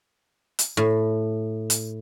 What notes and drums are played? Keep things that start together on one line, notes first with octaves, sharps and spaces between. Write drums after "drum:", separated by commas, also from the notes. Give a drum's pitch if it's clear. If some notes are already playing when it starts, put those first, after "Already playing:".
drum: hi-hat
A2
drum: hi-hat